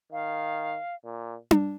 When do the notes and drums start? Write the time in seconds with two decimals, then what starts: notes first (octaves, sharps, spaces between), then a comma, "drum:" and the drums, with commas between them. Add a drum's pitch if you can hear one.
0.12 D#3 F5
1.04 A#2
1.51 drum: tom D4